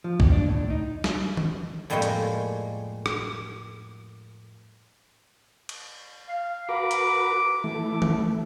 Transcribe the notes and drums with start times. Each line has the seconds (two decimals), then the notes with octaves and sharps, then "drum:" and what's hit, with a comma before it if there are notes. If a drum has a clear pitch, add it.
0.04 F3
0.20 D#2, drum: kick
0.32 D4
0.49 A2
0.70 D#4
1.04 drum: snare
1.37 drum: tom D#3
1.90 F2 A2 G3 G#3 A#3 C#5
2.02 drum: hi-hat
3.06 drum: rim click
5.69 drum: cymbal
6.28 F5
6.69 F#4 A#4 B4 D6
6.91 drum: hi-hat
7.64 E3 A3
8.02 drum: tom D#3